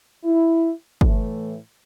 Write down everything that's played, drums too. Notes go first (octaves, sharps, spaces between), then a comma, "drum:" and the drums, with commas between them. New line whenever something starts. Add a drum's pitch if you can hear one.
E4
A2 E3 A3, drum: kick